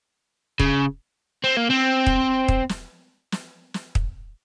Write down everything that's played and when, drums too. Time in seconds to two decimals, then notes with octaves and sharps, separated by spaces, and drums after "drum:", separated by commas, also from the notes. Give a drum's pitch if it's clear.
0.60 C#3, drum: kick
1.44 C4
1.57 A#3
1.70 C4
2.07 drum: kick
2.48 drum: kick
2.69 drum: snare
3.32 drum: snare
3.74 drum: snare
3.95 drum: kick